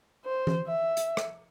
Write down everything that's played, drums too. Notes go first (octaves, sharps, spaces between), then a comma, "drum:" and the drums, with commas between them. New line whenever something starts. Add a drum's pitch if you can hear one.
C5
drum: tom E3
E5
drum: hi-hat
drum: rim click